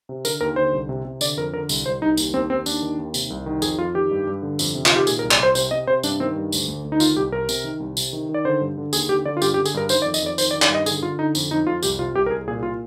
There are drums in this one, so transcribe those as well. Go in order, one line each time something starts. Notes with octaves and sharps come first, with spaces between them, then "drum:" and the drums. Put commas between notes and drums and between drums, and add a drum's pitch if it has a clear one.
C3
D3 A#4, drum: tambourine
D#2 A#4
D3 C5
C2
C3
C3
D3 D5, drum: tambourine
F2 A#4
D3 A#4
C2, drum: tambourine
C2 C5
C2 D#4
D#2, drum: tambourine
D#2 C4
D#2 C4
D#2 D4, drum: tambourine
D#3
D#2
C3, drum: tambourine
C2
D#3
F2 G#4, drum: tambourine
F2 F4
D#3 G4
G2
G2
D3
F2, drum: tambourine
C3
F4, drum: clap
D#3
G4
A#2 G#4, drum: tambourine
A#4
C2
D5, drum: clap
C2 C5
C3 C5, drum: tambourine
C3 D#5
C3 C5
G2 D4, drum: tambourine
D#3 C4
G2
D2, drum: tambourine
D2
D2
D#4
D#3 F4, drum: tambourine
C2 G4
C2 A#4
C3, drum: tambourine
D#3
C2
C3, drum: tambourine
D#3
D#3
D5
D3 C5
G2
D3
D#2 G#4, drum: tambourine
D3 G4
D3 D5
F4
G2 G4, drum: tambourine
G4
D3
G#4, drum: tambourine
G2 A#4
D#3 C5, drum: tambourine
D5
F2
D#5, drum: tambourine
F2 D5
D#3 C5, drum: tambourine
D5
D#3
D5, drum: clap
G2 D#5
D3 G#4, drum: tambourine
D3 F4
D3 D#4
F2, drum: tambourine
F2 D#4
F2 F4
C2 G4, drum: tambourine
C3 F4
C2 G4
A#4
C2 G#4
A#2 G#4
A#2 F4